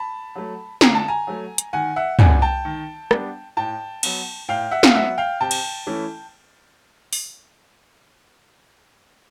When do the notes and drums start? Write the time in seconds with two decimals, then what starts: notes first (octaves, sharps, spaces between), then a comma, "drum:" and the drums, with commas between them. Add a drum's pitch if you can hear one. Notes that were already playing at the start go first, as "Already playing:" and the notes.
Already playing: A5 B5
0.35 F#3 A3
0.81 D3 A#5, drum: snare
0.95 A5
1.08 G#5 A#5
1.27 F#3 A3
1.58 drum: hi-hat
1.73 D#3 F#5 G#5
1.96 E5 F#5
2.19 G3 B3 D4 F#5 G#5, drum: tom
2.42 G5 A5
2.65 D#3
3.11 G3 B3 D4, drum: rim click
3.57 A2 G5 A5
4.03 F#3 B3, drum: cymbal
4.48 A2 F5 G5
4.71 E5 F#5
4.83 F5, drum: snare
4.95 F#3 B3 E5 F#5
5.18 F5 G5
5.41 C3 G5 A5
5.51 drum: cymbal
5.87 E3 A3 C#4 E4
7.13 drum: open hi-hat